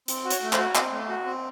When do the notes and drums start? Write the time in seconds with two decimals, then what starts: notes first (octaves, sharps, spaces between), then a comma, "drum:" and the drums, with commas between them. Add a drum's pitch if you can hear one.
0.08 C4, drum: hi-hat
0.25 F#4
0.30 C#5, drum: hi-hat
0.42 A3
0.53 C5, drum: clap
0.59 F#4
0.75 C4, drum: clap
0.92 A3
1.09 F#4
1.25 C4